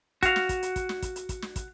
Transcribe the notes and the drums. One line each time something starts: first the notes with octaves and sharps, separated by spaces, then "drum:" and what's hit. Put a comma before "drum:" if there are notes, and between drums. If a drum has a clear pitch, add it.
F#4 F5, drum: kick, hi-hat
drum: snare
drum: kick, hi-hat
drum: hi-hat
drum: kick, hi-hat
drum: snare
drum: kick, hi-hat
drum: hi-hat
drum: kick, hi-hat
drum: snare
drum: kick, hi-hat